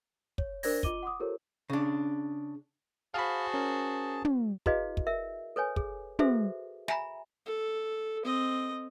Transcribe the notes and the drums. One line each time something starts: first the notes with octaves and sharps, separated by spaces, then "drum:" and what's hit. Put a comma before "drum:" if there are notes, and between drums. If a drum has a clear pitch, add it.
C#5, drum: kick
D4 A#4 C5 D5 G#6 A#6, drum: open hi-hat
F4 D#5 D6 D#7 G7, drum: kick
F#5 C6 D6 D#6
F4 G4 A4 A#4 C5 C#5
C#3 D4
F#4 G#4 C5 F5 A5 B5
C#4 A#4
drum: tom
E4 F#4 G#4 B4 D#5 F5, drum: kick
drum: kick
A#4 E5
A4 B4 C#5 G#5
G#4, drum: kick
F#4 G#4 A4 B4 C5 E5, drum: tom
E5 G#5 A#5 B5, drum: snare
A4
C4 D#5